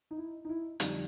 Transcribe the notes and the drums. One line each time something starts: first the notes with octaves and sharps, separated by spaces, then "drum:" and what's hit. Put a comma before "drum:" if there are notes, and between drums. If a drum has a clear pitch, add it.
D#4
E4
D#4
E4
F2 D3 G3 D#4, drum: hi-hat